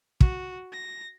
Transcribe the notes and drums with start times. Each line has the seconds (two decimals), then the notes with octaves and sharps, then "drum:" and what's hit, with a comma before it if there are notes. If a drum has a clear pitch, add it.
0.21 F#4, drum: kick
0.72 A#6